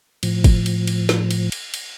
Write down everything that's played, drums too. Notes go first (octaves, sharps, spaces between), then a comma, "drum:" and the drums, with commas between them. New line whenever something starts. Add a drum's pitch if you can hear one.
A2 F3, drum: cymbal
drum: kick, cymbal
drum: cymbal
drum: cymbal
drum: snare
drum: cymbal
drum: cymbal
drum: cymbal